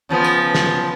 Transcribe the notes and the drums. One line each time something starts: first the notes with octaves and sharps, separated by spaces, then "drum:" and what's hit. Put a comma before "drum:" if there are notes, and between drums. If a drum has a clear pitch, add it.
C#3 F3 B3
drum: tambourine
drum: snare